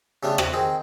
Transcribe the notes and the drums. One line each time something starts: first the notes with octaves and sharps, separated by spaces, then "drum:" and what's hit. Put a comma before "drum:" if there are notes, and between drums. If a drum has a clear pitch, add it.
C#3 G3 A3 B3 D4
C3 F#4, drum: rim click
D#3 C4 G#4